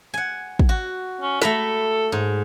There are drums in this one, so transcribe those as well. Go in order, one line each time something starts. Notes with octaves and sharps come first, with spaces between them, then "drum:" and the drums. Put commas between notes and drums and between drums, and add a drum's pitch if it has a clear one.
F#5 G#5
drum: kick
F#4
C#4
A3 A4 A#5 B5, drum: snare
G#2